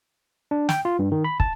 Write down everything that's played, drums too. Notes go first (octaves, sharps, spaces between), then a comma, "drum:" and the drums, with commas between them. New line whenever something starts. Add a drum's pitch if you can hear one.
D4
G5, drum: snare
F4
G2
D#3
B5
A5, drum: kick